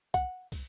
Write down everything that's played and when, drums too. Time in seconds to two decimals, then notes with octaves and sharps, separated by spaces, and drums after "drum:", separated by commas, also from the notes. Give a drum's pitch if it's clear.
0.14 F#5, drum: kick, hi-hat
0.52 drum: kick, open hi-hat